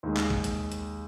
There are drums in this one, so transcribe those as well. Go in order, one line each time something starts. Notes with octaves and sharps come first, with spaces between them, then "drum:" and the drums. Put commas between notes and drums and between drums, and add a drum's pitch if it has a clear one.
D#2 D#3 G#3
drum: clap
drum: kick A1
drum: hi-hat
drum: hi-hat